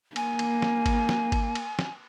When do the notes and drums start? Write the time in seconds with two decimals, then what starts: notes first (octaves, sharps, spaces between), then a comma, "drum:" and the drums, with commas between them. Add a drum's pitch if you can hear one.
0.16 A#3 G#5, drum: cymbal
0.39 drum: cymbal
0.62 drum: snare
0.86 drum: kick G#1, cymbal
1.09 drum: snare
1.32 drum: kick G#1, cymbal
1.55 drum: cymbal
1.79 drum: snare